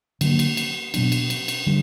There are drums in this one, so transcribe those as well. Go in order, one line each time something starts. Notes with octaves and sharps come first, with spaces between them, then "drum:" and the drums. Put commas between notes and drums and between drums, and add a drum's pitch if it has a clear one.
D3 F#3 A#3, drum: cymbal
drum: cymbal
drum: cymbal
B2 F#3 B3 D4, drum: cymbal
drum: cymbal
drum: cymbal
drum: cymbal
D3 G3